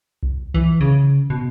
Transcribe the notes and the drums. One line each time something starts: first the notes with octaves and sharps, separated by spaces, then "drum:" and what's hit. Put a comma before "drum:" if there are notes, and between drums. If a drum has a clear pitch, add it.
drum: kick B1
E3, drum: kick B1
C#3
B2